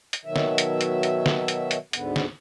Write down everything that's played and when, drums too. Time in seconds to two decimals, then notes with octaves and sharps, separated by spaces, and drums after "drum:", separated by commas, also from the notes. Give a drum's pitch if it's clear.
0.13 drum: hi-hat
0.25 B2 D#3 F#3 E5
0.36 drum: snare
0.58 drum: hi-hat
0.81 drum: hi-hat
1.03 drum: hi-hat
1.26 drum: snare
1.48 drum: hi-hat
1.71 drum: hi-hat
1.93 D2 G#2 D3 B3, drum: hi-hat
2.16 drum: snare